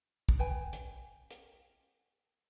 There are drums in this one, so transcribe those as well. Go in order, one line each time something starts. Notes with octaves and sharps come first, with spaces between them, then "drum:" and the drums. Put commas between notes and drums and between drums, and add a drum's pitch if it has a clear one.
drum: kick
B4 G5 G#5
drum: hi-hat
drum: hi-hat